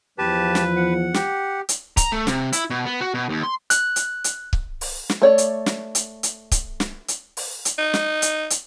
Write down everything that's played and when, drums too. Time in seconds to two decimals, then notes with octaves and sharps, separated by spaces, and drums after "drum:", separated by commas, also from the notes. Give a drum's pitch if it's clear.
0.18 E2 F3 G4 B4 A5
0.55 drum: snare
0.76 F#5
1.14 G4, drum: snare
1.69 drum: hi-hat
1.97 A#5, drum: kick C#1, hi-hat
2.12 A3
2.27 C3, drum: snare
2.53 E4, drum: hi-hat
2.70 B2
2.86 B3
3.01 F#4
3.14 B2
3.29 D#2
3.43 C6
3.70 F#6, drum: hi-hat
3.96 drum: hi-hat
4.24 drum: hi-hat
4.53 drum: kick C#1
4.81 drum: open hi-hat
5.09 drum: snare
5.22 A3 C#5 D5
5.38 drum: hi-hat
5.66 drum: snare
5.95 drum: hi-hat
6.23 drum: hi-hat
6.52 drum: kick C#1, hi-hat
6.80 drum: snare
7.08 drum: hi-hat
7.37 drum: open hi-hat
7.65 drum: hi-hat
7.78 D#4
7.94 drum: snare
8.22 drum: hi-hat
8.50 drum: hi-hat